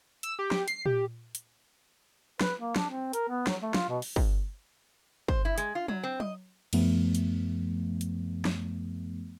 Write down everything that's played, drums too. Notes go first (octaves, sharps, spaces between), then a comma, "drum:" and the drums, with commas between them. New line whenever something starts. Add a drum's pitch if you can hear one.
E6, drum: hi-hat
G4
drum: snare
C7, drum: hi-hat
G4, drum: tom A#2
drum: hi-hat
B4, drum: snare
A#3
D4, drum: snare
C4
A#4, drum: hi-hat
B3
F#3, drum: snare
A3
F4, drum: snare
B2
drum: open hi-hat
drum: kick
C5, drum: kick
E4
G#3, drum: hi-hat
F4
F#3, drum: tom F#3
C4
D#5, drum: tom F#3
F#2 F3 A3 B3, drum: cymbal
drum: hi-hat
drum: hi-hat
drum: snare